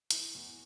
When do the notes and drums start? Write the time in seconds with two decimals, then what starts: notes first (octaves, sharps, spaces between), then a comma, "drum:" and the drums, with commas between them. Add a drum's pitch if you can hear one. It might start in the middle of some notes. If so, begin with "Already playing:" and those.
0.11 E3, drum: hi-hat
0.35 E2